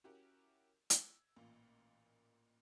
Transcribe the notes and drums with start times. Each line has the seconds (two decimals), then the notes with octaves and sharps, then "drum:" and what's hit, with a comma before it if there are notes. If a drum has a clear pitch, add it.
0.04 C#4 E4 F#4 G4 A#4
0.90 E6 G#6, drum: hi-hat
1.36 A1 A#2 A#3 F4